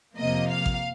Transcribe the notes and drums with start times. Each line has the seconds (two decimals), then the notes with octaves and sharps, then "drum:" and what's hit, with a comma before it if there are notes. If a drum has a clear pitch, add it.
0.17 F2 C3 F3 A#3 D#5
0.50 F5
0.66 drum: kick A1